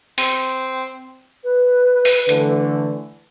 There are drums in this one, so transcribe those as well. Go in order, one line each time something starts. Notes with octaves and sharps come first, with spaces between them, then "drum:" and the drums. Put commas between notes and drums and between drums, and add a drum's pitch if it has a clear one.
C4, drum: open hi-hat
B4
drum: open hi-hat
D3 E3 A3, drum: hi-hat